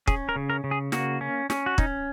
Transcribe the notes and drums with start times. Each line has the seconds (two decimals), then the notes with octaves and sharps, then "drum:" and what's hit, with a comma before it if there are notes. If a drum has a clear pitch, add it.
0.07 C#4 G#4, drum: kick
0.29 A#4
0.36 C#3
0.50 A#4
0.64 C#3
0.71 G#4
0.92 A#3 F#4, drum: snare
1.21 C#4
1.50 C#4, drum: snare
1.66 F#4
1.78 C#4 D#4, drum: kick